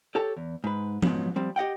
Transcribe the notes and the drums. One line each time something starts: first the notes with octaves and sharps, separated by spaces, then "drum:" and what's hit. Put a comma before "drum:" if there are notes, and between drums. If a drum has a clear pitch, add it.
G4 A4 C#5 A5
E2
G#2 B4
G#2 F3 F#3 B3, drum: tom F3
F3 G3 C4
G4 D#5 F#5 G5